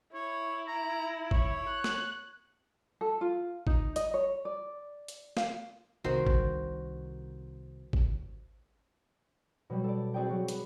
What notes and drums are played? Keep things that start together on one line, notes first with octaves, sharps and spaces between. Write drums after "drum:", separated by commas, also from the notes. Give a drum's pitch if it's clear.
E4 C#5
A#5
C#5, drum: kick G#1
F#6
drum: snare
A4
F4
D#4, drum: kick G#1
D#5, drum: hi-hat
C#5
D5
drum: hi-hat
F5, drum: snare
C2 C3 D#3 F#4 C5
drum: kick G#1
drum: kick G#1
B2 F#3 G3
A4 D5
C4 F#4 G#4 D5 E5 G5
F#3 F#4
B3, drum: hi-hat